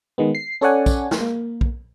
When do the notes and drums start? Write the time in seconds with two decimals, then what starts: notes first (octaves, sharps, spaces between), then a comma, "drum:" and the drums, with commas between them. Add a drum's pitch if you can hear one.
0.18 D#3 G#3 B3
0.35 C7
0.61 C#4 A4 C#5 D5 F#5 G#5
0.86 drum: kick, tambourine
1.11 drum: snare
1.20 A#3
1.61 drum: kick